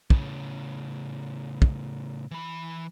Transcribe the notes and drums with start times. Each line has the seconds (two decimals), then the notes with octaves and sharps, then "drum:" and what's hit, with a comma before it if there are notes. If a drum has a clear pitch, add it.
0.10 A2 C#3, drum: kick
1.62 drum: kick
2.31 E3 B5